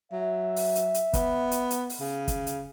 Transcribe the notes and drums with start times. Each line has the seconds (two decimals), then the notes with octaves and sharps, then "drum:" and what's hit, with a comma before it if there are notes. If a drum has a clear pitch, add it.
0.12 F#3 E5
0.56 drum: open hi-hat
0.75 drum: hi-hat
0.94 drum: hi-hat
1.13 B3, drum: kick, hi-hat
1.51 drum: hi-hat
1.71 drum: hi-hat
1.90 drum: open hi-hat
2.00 C#3
2.28 drum: kick, hi-hat
2.47 drum: hi-hat